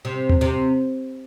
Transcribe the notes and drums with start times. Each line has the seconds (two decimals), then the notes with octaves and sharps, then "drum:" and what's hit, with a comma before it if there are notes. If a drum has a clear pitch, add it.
0.05 C3
0.29 drum: tom D#2
0.41 C3